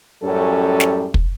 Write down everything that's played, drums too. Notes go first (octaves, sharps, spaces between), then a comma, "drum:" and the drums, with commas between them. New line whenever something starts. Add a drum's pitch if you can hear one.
F#2 A2 G3 C#4 A4
drum: snare
drum: kick